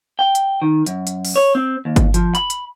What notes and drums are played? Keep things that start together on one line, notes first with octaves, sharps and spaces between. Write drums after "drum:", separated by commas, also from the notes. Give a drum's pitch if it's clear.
G5
drum: hi-hat
D#3
F#2, drum: hi-hat
drum: hi-hat
drum: open hi-hat
C#5
C4
D#2
drum: kick G1, hi-hat
F3, drum: hi-hat
B5, drum: hi-hat
drum: hi-hat